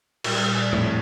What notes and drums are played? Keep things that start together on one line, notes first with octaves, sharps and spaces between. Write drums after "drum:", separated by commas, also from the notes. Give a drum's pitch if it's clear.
A#2 G3, drum: cymbal
D5 G#5
F2 A2